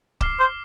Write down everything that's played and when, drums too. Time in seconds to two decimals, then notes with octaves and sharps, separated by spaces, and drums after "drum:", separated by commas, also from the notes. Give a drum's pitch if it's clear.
0.21 D6 F6 C7, drum: kick C#1
0.40 C5